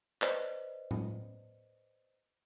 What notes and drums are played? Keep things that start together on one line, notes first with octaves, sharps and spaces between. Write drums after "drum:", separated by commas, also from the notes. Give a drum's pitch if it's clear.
B4 C5 D5 D#5, drum: clap
drum: tom A2